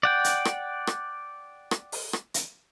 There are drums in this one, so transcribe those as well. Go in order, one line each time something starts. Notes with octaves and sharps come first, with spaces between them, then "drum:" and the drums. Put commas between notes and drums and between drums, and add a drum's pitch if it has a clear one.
D5 F#5 G5
drum: hi-hat
drum: rim click
drum: rim click
drum: rim click
drum: open hi-hat
drum: rim click
drum: hi-hat